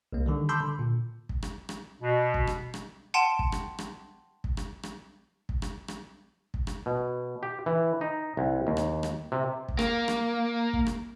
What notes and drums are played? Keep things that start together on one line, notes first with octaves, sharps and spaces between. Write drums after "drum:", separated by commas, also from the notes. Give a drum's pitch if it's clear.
C2 A#3
D3 D#3 G3
A5 B5 C6 D6 E6 G6
D3
A#2
drum: kick
drum: rim click
drum: rim click
B2
drum: kick
drum: rim click
drum: rim click
F#5 G5 A5 C6 D#7 E7
drum: kick
drum: rim click
drum: rim click
drum: kick
drum: rim click
drum: rim click
drum: kick
drum: rim click
drum: rim click
drum: kick
drum: rim click
B2
G4
E3
D#4
C2
D#2
drum: rim click
drum: rim click
C3
drum: kick
A#3, drum: rim click
drum: rim click
drum: kick
drum: rim click